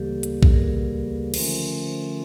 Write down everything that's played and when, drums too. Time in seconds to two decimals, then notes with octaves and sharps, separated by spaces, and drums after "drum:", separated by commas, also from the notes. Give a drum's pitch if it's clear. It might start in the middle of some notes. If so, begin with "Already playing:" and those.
Already playing: D2 C#3 E3 G3 A#3 G4 A4
0.23 drum: hi-hat
0.43 drum: kick A#1
0.54 G#4 A#4
1.34 D3 F3 A3 C#4 F4 A#4 C5, drum: cymbal